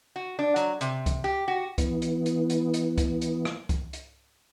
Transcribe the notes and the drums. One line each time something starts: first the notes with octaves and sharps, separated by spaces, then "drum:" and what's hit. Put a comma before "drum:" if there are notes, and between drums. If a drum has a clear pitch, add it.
F#4
D4
F#3, drum: hi-hat
C3, drum: hi-hat
drum: kick C2, hi-hat
G4
F#4
E3 B3, drum: kick C2, hi-hat
drum: hi-hat
drum: hi-hat
drum: hi-hat
drum: hi-hat
drum: kick C2, hi-hat
drum: hi-hat
drum: rim click
drum: kick C2, hi-hat
drum: hi-hat